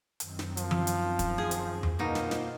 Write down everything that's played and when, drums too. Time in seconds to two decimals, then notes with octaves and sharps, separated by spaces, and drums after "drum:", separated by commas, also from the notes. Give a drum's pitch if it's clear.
0.20 F#2 D#3 C4, drum: hi-hat
0.39 drum: snare
0.57 F3, drum: hi-hat
0.71 drum: tom E3
0.87 drum: hi-hat
1.19 drum: kick, hi-hat
1.38 G#4
1.51 drum: hi-hat
1.83 drum: tom E2
1.99 B2 A#3 D#4 F4 C5
2.15 drum: snare
2.31 drum: snare